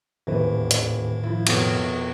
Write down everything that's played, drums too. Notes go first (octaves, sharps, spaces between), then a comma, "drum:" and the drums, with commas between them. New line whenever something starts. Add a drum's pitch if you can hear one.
D#1 E2 A2 D#3 B4
drum: hi-hat
F3 E4
F2 B2, drum: cymbal